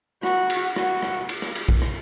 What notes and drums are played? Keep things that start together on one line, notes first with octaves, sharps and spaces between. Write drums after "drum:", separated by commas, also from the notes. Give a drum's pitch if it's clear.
F#4, drum: rim click
drum: cymbal
F#4, drum: rim click
drum: rim click
drum: cymbal
drum: rim click
drum: cymbal
drum: kick
drum: rim click